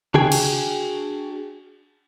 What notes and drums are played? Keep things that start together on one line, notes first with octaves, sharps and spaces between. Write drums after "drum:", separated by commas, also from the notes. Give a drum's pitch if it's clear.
D4 F#4 G#4 G5 G#5, drum: tom C3
drum: cymbal